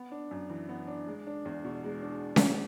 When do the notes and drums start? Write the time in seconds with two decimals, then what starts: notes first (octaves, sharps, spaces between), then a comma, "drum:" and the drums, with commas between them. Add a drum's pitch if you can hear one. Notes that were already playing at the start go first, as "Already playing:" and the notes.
Already playing: B3
0.11 D4
0.31 F#2
0.49 E3
0.69 B3
0.87 D4
1.07 G#3
1.27 D4
1.45 E2
1.65 B2
1.84 G#3
2.03 D4
2.36 drum: snare C#4